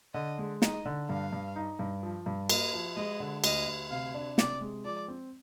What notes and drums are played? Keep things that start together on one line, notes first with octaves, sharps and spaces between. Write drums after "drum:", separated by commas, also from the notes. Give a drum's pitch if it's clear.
D3 D#5
G#3
D#4 D#5, drum: snare
D3
G2 F5
G2
D#4
G2
F3
G2
A#3 D#5, drum: cymbal
F3
G#3 D#5
D3
D2 D#5, drum: cymbal
D2
C3 F5
D4
C3 D5, drum: snare
G#3
F3 D5
C4